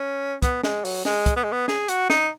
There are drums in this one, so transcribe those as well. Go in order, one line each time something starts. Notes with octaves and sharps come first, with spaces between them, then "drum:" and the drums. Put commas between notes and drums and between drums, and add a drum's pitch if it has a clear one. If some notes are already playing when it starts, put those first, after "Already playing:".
Already playing: C#4
B3, drum: kick, hi-hat
G#3, drum: snare
F#3, drum: open hi-hat
G#3, drum: snare
drum: kick, hi-hat
B3
G#3
B3
G#4, drum: snare
F#4, drum: hi-hat
D#4, drum: snare